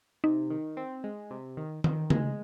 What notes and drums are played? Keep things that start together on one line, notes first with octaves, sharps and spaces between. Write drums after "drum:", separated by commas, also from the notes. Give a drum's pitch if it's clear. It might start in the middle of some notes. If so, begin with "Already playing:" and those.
C3 D#4
D#3
C4
G#3
C3
D#3
D#3, drum: tom D#3
G#3, drum: tom C#3